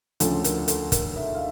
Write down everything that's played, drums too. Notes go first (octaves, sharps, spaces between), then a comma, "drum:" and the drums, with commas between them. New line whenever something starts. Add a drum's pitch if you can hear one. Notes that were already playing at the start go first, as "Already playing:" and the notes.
D2 C#3 F3 A4, drum: hi-hat
A#4, drum: hi-hat
A4, drum: hi-hat
A#4, drum: kick, hi-hat
E5
F5